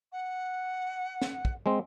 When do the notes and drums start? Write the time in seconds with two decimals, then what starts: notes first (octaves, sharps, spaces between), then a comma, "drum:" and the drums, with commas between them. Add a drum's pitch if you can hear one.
0.12 F#5
1.22 drum: snare
1.45 drum: kick
1.66 G#3 C4